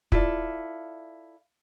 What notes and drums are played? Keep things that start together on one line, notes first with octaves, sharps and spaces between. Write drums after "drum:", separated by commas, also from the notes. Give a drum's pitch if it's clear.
E4 F4 A4 D5, drum: kick